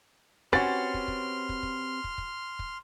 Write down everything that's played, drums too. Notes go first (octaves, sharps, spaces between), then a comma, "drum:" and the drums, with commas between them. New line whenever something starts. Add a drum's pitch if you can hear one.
C4 C#4 F#4 G4 B4 C6 F6 A6, drum: kick
drum: kick
drum: kick
drum: kick
drum: kick
drum: kick
drum: kick
drum: kick